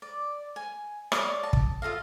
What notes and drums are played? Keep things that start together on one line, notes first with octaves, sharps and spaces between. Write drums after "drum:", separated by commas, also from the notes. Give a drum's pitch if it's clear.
D5
G#5
C#5 D5 D#6, drum: rim click
A5
drum: kick
F4 A4 D#5 F5